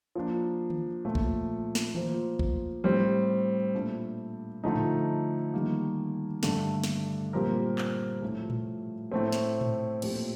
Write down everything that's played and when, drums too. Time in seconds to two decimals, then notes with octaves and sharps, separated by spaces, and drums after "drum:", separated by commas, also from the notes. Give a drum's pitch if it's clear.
0.15 F3 A#3 D4
0.70 drum: tom D#3
1.05 A#2 F3 A3
1.15 drum: kick A1
1.75 drum: snare
1.95 F3 A#3 F4 C5, drum: tom D#3
2.39 drum: kick A1
2.84 A2 G3 C4
3.75 A#2 A3 D4
4.64 D3 F3 A3 D#4
4.76 drum: tom A2
5.54 D#3 G3 A#3
6.43 G2 D3 A3 D4, drum: snare
6.84 drum: snare
7.33 A#2 G3 C4 G4 A#4
7.78 drum: clap
8.22 A2 F3 A3
8.50 drum: tom A2
9.12 A2 A3 C4
9.33 drum: snare
9.61 drum: tom A2
10.02 A#2 A3 C4 G4, drum: cymbal